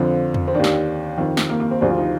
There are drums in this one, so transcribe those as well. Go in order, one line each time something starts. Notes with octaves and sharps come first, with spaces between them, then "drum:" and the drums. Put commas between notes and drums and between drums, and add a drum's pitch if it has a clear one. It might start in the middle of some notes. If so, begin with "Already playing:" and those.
Already playing: F2 D3 F3 C4
drum: tom E2
C4
D#2 D#3 D4
drum: snare
F2 D#3
drum: snare
A#3
A#3
C4
D2 C3 F3 D4
F4
D#4